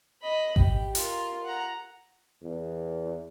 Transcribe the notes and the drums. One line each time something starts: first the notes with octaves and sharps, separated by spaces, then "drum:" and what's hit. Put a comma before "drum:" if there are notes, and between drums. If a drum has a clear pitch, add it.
D#5 B5
G4, drum: kick G#1
F4 A#4, drum: hi-hat
F#5 A#5
E2